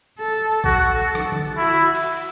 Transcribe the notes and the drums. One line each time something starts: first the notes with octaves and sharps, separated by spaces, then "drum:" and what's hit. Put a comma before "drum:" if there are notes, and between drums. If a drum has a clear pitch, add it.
A4
F#4 A4, drum: kick A1
drum: rim click
drum: tom D3
E4 F#4
drum: cymbal